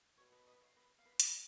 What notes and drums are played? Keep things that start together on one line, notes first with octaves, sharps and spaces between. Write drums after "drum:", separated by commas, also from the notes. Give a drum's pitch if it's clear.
B2 C#5
B4 D#5
B4 D#5
C#5 F5
B4 D#5
F5
B4 D#5
B4 D#5, drum: hi-hat